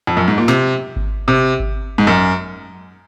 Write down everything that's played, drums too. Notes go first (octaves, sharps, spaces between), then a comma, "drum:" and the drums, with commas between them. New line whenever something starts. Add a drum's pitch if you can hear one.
F2
F#2
G#2
A#2
C3, drum: snare
drum: kick G#1
C3
drum: kick G#1
G#2
F#2